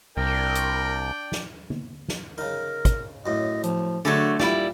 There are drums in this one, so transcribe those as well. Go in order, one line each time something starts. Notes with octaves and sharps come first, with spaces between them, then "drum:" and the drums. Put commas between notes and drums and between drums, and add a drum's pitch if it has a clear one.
C2 D4 A#4 D5 G5
drum: hi-hat
drum: snare
drum: tom
drum: snare
C#3 D#4 A#4
drum: kick, hi-hat
F#2 A2 D#5
F3, drum: hi-hat
D3 F#3 A3 G#4 A4 B4
A#2 G3 E4, drum: snare